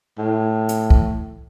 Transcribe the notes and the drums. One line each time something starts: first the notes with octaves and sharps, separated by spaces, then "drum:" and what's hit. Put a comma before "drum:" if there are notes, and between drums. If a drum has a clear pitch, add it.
A2
drum: hi-hat
drum: kick